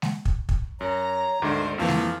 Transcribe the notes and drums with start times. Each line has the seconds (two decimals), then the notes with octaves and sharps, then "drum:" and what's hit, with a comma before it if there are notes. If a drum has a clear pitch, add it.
0.02 drum: snare G#3
0.25 drum: kick
0.49 drum: kick
0.81 F#2 C#5 A#5
1.42 D2 G#2 D3 A3 A#4 C5
1.78 F2 E3 F3 A#3
1.88 drum: snare G#3